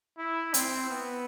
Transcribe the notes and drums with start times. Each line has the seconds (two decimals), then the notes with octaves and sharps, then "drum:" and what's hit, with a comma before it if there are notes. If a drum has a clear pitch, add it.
0.18 E4
0.54 C4, drum: hi-hat
0.90 B3